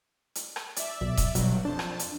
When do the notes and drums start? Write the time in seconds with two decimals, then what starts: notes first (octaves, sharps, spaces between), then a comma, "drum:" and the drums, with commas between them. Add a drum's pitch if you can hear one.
0.35 drum: hi-hat
0.56 drum: rim click
0.76 D5 E5, drum: hi-hat
1.01 B1
1.17 drum: kick D#1, hi-hat
1.35 G1 G2 B2 F#3, drum: hi-hat
1.65 F2 D4 C5 A5
1.79 drum: rim click
1.99 drum: hi-hat